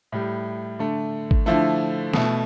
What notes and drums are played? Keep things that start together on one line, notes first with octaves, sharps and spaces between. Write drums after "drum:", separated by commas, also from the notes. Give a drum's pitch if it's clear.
A2 G3
D3 A3
drum: kick G#1
D3 F3 A3 E4
B2 A3, drum: snare